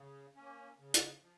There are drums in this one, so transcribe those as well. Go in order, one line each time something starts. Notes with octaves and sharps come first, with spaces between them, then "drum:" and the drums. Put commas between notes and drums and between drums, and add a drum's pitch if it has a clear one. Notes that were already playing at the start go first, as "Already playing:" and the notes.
Already playing: C#3
A#3 C#4
C#3
drum: hi-hat
F3